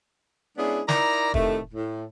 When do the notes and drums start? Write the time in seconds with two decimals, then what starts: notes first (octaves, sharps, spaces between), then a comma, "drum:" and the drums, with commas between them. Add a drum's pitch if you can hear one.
0.58 G#3 B3 C#4 D4 E4 G#4
0.89 D#4 E4 A#4 D5 A#5, drum: snare
1.34 A2 C3 D#3 A3, drum: kick
1.74 A2